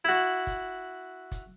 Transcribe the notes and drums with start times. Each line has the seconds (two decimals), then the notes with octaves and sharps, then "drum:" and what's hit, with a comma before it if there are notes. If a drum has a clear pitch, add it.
0.05 E4 F#4
0.47 drum: kick F#1, hi-hat
1.32 drum: kick F#1, hi-hat